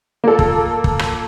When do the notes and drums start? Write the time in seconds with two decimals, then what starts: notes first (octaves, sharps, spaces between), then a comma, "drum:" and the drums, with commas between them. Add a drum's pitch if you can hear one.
0.24 A#3 F4 A4
0.39 drum: kick
0.84 drum: kick
0.99 drum: rim click